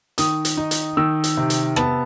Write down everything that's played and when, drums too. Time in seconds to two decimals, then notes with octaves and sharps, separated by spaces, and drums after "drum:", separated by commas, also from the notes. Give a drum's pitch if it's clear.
0.18 D#3 D#6, drum: hi-hat
0.45 drum: hi-hat
0.57 D#4
0.71 drum: hi-hat
0.97 D#3 E6
1.24 drum: hi-hat
1.37 C3
1.50 drum: hi-hat
1.76 B3 A5, drum: rim click